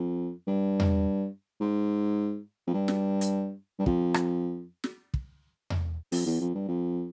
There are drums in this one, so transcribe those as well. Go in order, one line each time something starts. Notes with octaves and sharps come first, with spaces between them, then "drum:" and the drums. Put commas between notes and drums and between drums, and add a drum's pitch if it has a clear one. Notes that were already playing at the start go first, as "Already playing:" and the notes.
Already playing: F2
G2
drum: tom E2
G#2
F2
G2
drum: snare
drum: hi-hat
G2
F2, drum: kick
drum: rim click
drum: snare
drum: kick
drum: tom E2
F2, drum: open hi-hat
E2
F2
G2
F2